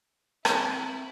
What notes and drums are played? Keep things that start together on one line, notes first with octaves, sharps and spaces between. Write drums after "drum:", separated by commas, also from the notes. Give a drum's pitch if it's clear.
C4 E4, drum: rim click